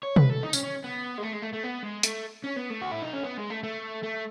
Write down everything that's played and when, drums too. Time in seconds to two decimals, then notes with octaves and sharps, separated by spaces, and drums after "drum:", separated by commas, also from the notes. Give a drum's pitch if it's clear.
0.03 C#5
0.16 B4, drum: tom
0.30 A4
0.43 D#4
0.53 C#4, drum: tambourine
0.63 C#4
0.84 B3
1.18 G#3
1.23 A3
1.33 G#3
1.43 A3
1.53 A3
1.64 B3
1.83 G#3
2.03 A3, drum: hi-hat
2.44 C#4
2.56 B3
2.70 A3
2.82 F#4
2.91 E4
3.02 D#4
3.13 C#4
3.23 B3
3.37 G#3
3.50 A3
3.63 A3
4.03 A3